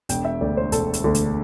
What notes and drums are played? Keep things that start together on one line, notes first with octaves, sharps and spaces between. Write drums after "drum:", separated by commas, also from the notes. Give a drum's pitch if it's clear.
E1 G5, drum: hi-hat
E5
D2 D3 D5
C5
E1 A4, drum: hi-hat
drum: hi-hat
D2 D3
drum: hi-hat